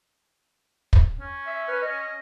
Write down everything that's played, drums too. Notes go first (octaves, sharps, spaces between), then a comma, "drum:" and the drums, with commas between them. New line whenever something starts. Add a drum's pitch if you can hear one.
drum: kick
C#4
E5
B4
D#5